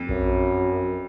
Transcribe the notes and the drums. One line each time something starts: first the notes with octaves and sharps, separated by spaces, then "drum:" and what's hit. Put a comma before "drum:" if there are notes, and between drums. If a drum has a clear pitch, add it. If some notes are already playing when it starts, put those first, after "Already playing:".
Already playing: F2
F#2, drum: kick A#1